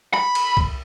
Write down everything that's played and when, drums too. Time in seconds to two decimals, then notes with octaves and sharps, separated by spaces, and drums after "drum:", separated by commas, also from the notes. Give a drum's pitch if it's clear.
0.14 B5, drum: rim click
0.35 drum: cymbal
0.57 drum: kick